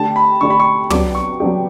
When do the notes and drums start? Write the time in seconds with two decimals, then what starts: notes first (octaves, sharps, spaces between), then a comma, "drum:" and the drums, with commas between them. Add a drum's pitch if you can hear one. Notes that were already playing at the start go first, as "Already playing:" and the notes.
Already playing: D3 A3 D4 G4 A5
0.16 B5
0.41 D3 A3 D4 G4 C#6
0.50 B5
0.60 C#6
0.90 F#3 B3 D4 G4 D6, drum: tom
1.15 C#6
1.40 F#3 B3 D4 G4